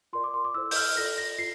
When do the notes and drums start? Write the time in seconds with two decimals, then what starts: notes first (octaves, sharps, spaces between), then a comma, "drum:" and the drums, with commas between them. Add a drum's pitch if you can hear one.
0.13 F4 A#4 D5 C6
0.24 D6
0.34 C6
0.45 D6
0.54 E4 A4 C5 E6
0.71 G6, drum: open hi-hat
0.76 F6
0.97 F4 A4 D5 A#6
1.18 A#6
1.39 F4 C7